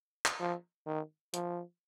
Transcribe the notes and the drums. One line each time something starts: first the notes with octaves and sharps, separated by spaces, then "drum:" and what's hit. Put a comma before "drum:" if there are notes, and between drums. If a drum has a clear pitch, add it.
drum: clap
F3
D#3
F3, drum: hi-hat